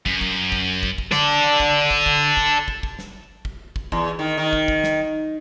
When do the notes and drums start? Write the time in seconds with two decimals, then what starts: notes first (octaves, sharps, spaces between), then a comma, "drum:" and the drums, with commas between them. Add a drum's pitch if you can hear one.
0.06 F#2, drum: kick
0.21 drum: kick
0.52 drum: kick
0.83 drum: kick
0.98 drum: kick
1.12 A4 D5, drum: snare
1.60 drum: kick
1.91 drum: kick
2.06 drum: kick
2.37 drum: kick
2.68 drum: kick
2.83 drum: kick
2.99 drum: snare
3.45 drum: kick
3.76 drum: kick
3.92 E2, drum: kick
4.19 D#3
4.37 D#3
4.53 drum: kick
4.68 drum: kick
4.84 drum: snare